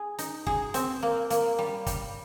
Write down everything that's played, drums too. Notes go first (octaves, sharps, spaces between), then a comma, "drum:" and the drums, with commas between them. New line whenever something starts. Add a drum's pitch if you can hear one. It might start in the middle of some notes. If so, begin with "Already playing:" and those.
Already playing: G#4
D#4, drum: hi-hat
G#4, drum: kick
C4, drum: hi-hat
A#3
A#3, drum: hi-hat
G3
G3, drum: kick, hi-hat